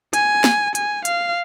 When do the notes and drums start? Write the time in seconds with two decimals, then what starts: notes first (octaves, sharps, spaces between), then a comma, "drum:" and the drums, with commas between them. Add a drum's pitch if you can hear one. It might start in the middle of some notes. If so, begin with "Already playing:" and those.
0.13 G#5, drum: hi-hat
0.44 drum: snare
0.75 G#5, drum: hi-hat
1.05 F5, drum: hi-hat